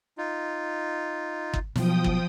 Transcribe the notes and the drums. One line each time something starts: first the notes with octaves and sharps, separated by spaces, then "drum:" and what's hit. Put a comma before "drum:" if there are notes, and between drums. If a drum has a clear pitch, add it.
D#4 F4
drum: kick
B2 F3 F#3 G5 D#6, drum: snare
drum: kick